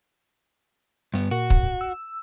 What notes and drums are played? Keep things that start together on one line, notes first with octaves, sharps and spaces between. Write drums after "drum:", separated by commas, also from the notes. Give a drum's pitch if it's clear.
G2 B3
A#2 F#4
drum: kick
E6